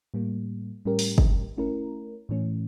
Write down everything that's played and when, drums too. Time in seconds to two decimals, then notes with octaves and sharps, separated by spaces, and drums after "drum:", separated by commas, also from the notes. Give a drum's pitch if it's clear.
0.14 A2 G3 A#3
0.85 A2 G3 C#4 G4 A#4
0.99 drum: open hi-hat
1.18 drum: kick
1.57 A3 C#4 E4 A#4
2.29 A2 E3 A3 C#4